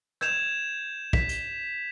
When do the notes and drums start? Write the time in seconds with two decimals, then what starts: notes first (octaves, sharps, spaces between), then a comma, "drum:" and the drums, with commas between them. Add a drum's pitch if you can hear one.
0.21 G6 G#6 E7 F7, drum: rim click
1.13 B6, drum: kick
1.29 drum: hi-hat